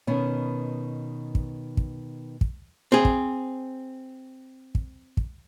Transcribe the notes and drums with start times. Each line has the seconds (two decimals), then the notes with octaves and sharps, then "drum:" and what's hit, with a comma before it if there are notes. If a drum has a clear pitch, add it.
0.07 B2 D#3 B3 C#4
1.35 drum: kick
1.77 drum: kick
2.41 drum: kick
2.92 C4 G#4
3.05 drum: kick
4.75 drum: kick
5.17 drum: kick